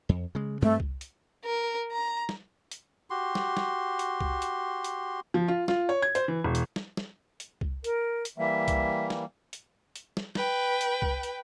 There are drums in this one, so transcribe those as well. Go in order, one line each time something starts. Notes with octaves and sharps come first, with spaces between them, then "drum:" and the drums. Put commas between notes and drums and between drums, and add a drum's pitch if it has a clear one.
F2
C#3 G#3
G2 A3 C4
drum: kick C2
drum: hi-hat
A#4
A#5
drum: snare
drum: hi-hat
F#4 G4 C6
drum: snare
drum: snare
drum: hi-hat
drum: kick C2
drum: hi-hat
drum: hi-hat
F3
F4
F4, drum: snare
C#5
G#6
C5, drum: hi-hat
E3
E1
drum: hi-hat
drum: snare
drum: snare
drum: hi-hat
drum: kick C2
A#4, drum: hi-hat
drum: hi-hat
E3 G3 A#3 E5
drum: kick C2, hi-hat
drum: snare
drum: hi-hat
drum: hi-hat
drum: snare
B4 G5, drum: snare
drum: hi-hat
drum: kick C2
drum: hi-hat